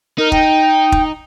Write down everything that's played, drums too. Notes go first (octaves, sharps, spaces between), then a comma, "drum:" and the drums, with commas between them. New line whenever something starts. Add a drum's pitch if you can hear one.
D#4 A#4
G5, drum: kick F1
drum: kick F1